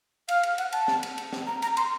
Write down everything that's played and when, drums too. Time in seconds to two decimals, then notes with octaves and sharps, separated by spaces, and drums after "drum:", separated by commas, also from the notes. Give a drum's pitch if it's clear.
0.29 F5, drum: cymbal
0.43 drum: cymbal
0.58 F#5, drum: cymbal
0.73 A5, drum: cymbal
0.88 drum: snare
1.03 drum: cymbal
1.18 drum: cymbal
1.33 drum: snare
1.47 A#5
1.62 A#5, drum: cymbal
1.77 C6, drum: cymbal